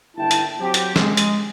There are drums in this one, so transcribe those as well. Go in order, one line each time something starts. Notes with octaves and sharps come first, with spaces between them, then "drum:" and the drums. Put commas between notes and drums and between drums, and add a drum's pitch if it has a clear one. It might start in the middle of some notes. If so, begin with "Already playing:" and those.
G1 D#2 E4 G5 A5
drum: hi-hat
F#3 C4 G4
drum: hi-hat
G#3, drum: snare
drum: hi-hat